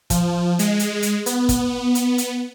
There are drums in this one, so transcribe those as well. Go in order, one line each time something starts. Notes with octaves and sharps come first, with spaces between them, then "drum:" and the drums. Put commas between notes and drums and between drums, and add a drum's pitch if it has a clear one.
F3, drum: kick, hi-hat
G#3, drum: hi-hat
drum: hi-hat
drum: hi-hat
B3, drum: hi-hat
drum: kick, hi-hat
drum: hi-hat
drum: hi-hat